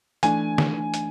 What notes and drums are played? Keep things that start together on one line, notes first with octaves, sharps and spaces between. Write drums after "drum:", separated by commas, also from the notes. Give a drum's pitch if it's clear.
E3 A3 D4 G#5, drum: hi-hat
drum: snare
drum: hi-hat